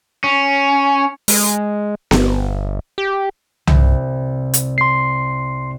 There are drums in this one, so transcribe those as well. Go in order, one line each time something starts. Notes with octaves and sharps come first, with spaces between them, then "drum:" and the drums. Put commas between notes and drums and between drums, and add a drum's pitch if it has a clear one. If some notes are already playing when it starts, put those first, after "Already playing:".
C#4
G#3, drum: open hi-hat
G1, drum: snare B3
G4
C2, drum: tom C2
drum: hi-hat
C6 C7